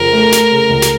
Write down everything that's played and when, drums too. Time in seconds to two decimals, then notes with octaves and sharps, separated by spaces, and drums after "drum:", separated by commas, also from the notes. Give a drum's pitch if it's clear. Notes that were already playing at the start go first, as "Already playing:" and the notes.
Already playing: F2 C#3 A#4
0.13 A3
0.32 A3, drum: snare
0.51 C#3
0.69 C#2
0.82 drum: snare